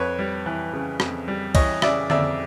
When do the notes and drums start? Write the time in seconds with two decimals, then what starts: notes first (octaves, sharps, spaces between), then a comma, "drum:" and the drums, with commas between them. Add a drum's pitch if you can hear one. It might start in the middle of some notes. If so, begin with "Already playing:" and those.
Already playing: F2 B4 C#5
0.19 G3
0.46 E3
0.73 C#3
1.00 F2, drum: rim click
1.28 G3
1.55 E3 C#5 D#5, drum: kick, cymbal
1.82 C#3 D5 E5, drum: rim click
2.10 F2 D5 E5, drum: tom D3